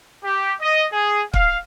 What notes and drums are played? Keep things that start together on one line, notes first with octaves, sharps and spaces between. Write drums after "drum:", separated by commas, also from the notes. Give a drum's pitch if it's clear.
G4
D#5
G#4
F5, drum: kick